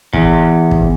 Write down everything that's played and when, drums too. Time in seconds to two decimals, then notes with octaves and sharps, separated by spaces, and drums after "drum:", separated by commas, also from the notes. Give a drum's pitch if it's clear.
0.13 E2, drum: kick
0.71 drum: kick